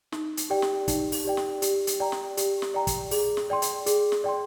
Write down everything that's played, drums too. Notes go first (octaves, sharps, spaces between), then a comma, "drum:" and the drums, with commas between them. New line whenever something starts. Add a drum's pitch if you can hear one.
D#4, drum: snare
drum: hi-hat
G4 D5 G5
drum: snare
D#4, drum: kick, hi-hat
drum: open hi-hat
G4 D5 G5
drum: snare
G4, drum: hi-hat
drum: hi-hat
D5 G5 A#5
drum: snare
G4, drum: hi-hat
drum: snare
D5 G5 A#5
drum: kick, hi-hat
G#4, drum: open hi-hat
drum: snare
D5 G5 C6
drum: hi-hat
G#4, drum: hi-hat
drum: snare
D5 G5 C6